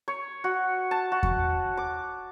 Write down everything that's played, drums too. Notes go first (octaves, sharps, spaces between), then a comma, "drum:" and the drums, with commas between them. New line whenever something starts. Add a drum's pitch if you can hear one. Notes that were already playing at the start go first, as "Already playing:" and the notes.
C#5
F#4
A5
F#4
drum: kick E2
D6